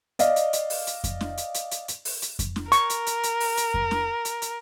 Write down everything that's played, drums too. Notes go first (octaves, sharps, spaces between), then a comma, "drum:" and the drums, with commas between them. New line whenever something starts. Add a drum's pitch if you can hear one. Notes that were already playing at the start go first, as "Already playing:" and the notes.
D5 D#5 F5, drum: hi-hat
drum: hi-hat
drum: hi-hat
drum: open hi-hat
drum: hi-hat
drum: kick F2, hi-hat
drum: snare
drum: hi-hat
drum: hi-hat
drum: hi-hat
drum: hi-hat
drum: open hi-hat
drum: hi-hat
drum: kick F2, hi-hat
drum: snare
A#4 C#6, drum: hi-hat
drum: hi-hat
drum: hi-hat
drum: hi-hat
drum: open hi-hat
drum: hi-hat
drum: kick F2
drum: snare
drum: hi-hat
drum: hi-hat